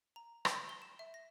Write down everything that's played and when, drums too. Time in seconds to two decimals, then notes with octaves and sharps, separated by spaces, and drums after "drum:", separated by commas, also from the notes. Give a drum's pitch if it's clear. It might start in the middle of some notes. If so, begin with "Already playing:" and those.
0.16 A#5
0.45 G6, drum: rim click
0.69 G7
0.82 E7
0.99 E5
1.14 A#6